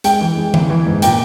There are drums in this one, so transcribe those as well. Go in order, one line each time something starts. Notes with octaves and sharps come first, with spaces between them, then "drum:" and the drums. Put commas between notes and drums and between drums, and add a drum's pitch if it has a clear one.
G#3 G5, drum: hi-hat
E3
G#3
E3, drum: tom
E3
G#2
A#2 G5, drum: hi-hat